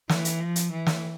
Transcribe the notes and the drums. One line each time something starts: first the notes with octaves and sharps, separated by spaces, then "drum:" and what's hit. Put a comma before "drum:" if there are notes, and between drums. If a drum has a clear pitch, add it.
E3, drum: snare
drum: hi-hat
F3
drum: hi-hat
E3
drum: snare